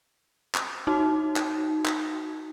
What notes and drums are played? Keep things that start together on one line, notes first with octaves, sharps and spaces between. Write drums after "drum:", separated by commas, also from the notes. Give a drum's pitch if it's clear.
drum: clap
D#4 F#4
drum: clap
drum: clap